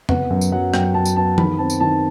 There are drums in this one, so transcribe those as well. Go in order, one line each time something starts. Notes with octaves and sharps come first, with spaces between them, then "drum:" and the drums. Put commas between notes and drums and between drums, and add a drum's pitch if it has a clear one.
B3 F#5, drum: tom
F#2
drum: tambourine
F#3 F#5
F#2 G5, drum: rim click
F#3 A5
drum: tambourine
B3 A5
D#3 B5, drum: tom E3
C4 A5
drum: tambourine
D#3 A5